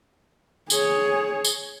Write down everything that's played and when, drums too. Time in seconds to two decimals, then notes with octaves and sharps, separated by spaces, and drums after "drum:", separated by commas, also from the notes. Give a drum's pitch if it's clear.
0.70 G#4 C#5, drum: tambourine
1.45 drum: tambourine